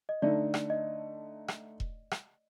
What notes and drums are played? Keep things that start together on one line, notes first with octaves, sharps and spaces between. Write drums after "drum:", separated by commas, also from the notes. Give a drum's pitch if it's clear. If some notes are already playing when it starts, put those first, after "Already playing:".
D#5
D3 A3 D#4 D5
drum: rim click
D#5
drum: rim click
drum: kick E1
drum: rim click